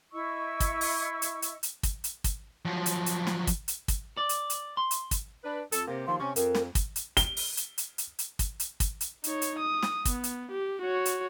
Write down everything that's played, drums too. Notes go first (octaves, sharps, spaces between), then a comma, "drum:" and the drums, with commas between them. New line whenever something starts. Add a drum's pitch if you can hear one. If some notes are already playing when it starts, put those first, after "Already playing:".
E4 D#5 C#6 E6
drum: kick, hi-hat
drum: open hi-hat
drum: hi-hat
drum: hi-hat
drum: hi-hat
drum: kick, hi-hat
drum: hi-hat
drum: kick, hi-hat
F3 F#3
drum: hi-hat
drum: hi-hat
drum: snare
drum: kick, hi-hat
drum: hi-hat
drum: kick, hi-hat
D5
drum: hi-hat
drum: hi-hat
C6
drum: hi-hat
drum: kick, hi-hat
D4 B4
F2 A4, drum: hi-hat
C3 A#3
D#2 F3 C6
C3 C#4 C#6
F2 A#4, drum: hi-hat
drum: snare
drum: kick, hi-hat
drum: hi-hat
G7, drum: kick, hi-hat
drum: open hi-hat
drum: hi-hat
drum: hi-hat
drum: hi-hat
drum: hi-hat
drum: kick, hi-hat
drum: hi-hat
drum: kick, hi-hat
drum: hi-hat
D#4 C#5, drum: hi-hat
drum: hi-hat
D#6
drum: snare
B3, drum: kick, hi-hat
drum: hi-hat
G4
F#4 C#5
drum: hi-hat